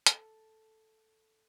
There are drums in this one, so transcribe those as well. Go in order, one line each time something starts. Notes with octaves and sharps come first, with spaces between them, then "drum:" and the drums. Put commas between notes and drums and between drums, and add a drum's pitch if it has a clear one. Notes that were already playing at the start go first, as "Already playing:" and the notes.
A4, drum: hi-hat